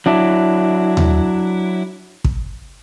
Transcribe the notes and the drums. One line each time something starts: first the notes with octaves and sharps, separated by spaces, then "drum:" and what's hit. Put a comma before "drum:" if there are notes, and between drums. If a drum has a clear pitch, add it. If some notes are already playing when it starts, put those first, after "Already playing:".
F#3 D4 E4
drum: tom D#2
drum: kick